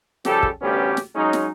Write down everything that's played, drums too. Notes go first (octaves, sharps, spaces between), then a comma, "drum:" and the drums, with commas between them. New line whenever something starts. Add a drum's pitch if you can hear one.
C#3 F3 G3 G4 A4, drum: snare
drum: kick
A1 D2 G3 B3 C#4 G4
drum: snare
F#3 G#3 C#4 D#4
drum: snare